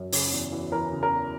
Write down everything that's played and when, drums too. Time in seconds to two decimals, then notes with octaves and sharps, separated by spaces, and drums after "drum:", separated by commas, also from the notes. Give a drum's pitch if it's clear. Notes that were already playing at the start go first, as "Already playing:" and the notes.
Already playing: F#2
0.12 C#3, drum: open hi-hat
0.32 E2
0.52 E3
0.72 E3 A#4
0.92 C#3
1.03 A#4
1.12 E2